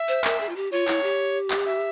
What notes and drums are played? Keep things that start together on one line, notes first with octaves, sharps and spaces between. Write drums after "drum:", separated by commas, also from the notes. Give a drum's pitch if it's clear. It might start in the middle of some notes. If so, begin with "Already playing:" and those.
Already playing: E5
C5
A#4, drum: clap
G#4
F4
G4
F4 C#5
E4, drum: clap
G4
drum: clap
E5